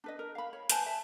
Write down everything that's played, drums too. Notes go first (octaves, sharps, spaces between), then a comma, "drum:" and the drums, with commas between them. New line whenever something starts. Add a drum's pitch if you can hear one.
D4 B4 D#5
A#4
F5 B5
C#5
B4 C5 G#5 A5, drum: hi-hat
E5 A5